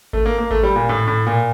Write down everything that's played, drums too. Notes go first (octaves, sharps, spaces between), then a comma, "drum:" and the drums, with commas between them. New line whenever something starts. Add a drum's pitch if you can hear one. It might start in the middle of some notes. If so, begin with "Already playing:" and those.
A3, drum: kick G#1
A#3
A#3
A3, drum: kick G#1
G3
A#2
A2
A2
A#2